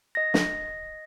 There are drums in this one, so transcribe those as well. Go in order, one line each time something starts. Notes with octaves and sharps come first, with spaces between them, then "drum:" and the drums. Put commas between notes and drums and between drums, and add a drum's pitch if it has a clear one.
D#5 A#6
drum: snare